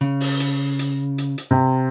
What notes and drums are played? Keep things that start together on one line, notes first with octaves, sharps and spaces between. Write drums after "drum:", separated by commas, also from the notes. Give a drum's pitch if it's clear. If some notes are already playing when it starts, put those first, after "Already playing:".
C#3
drum: open hi-hat
drum: hi-hat
drum: hi-hat
drum: hi-hat
drum: hi-hat
C3